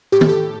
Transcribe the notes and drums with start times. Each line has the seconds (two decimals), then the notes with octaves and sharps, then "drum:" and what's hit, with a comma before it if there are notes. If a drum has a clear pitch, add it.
0.12 A2 G4
0.21 A4, drum: tom D#3
0.29 G4